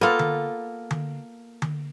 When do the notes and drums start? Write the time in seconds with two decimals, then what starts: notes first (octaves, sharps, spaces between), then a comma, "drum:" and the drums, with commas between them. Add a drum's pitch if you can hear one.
0.01 A#3 B3 F4 A4
0.19 drum: tom D3
0.91 drum: tom D3
1.62 drum: tom D3